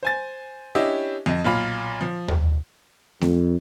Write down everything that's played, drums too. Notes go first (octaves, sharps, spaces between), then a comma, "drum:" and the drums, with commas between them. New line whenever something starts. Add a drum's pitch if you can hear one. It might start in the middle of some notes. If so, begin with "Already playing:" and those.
C5 G#5 A6
C#4 D4 E4 G4 D#5 E5
F2 D#5
B1 A#2 F4 B5
F3
drum: tom D#2
F2, drum: snare A3